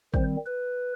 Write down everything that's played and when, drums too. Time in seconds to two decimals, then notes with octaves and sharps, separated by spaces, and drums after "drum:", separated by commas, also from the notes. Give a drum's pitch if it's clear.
0.14 D#3 G3 C4 C5, drum: kick
0.46 B4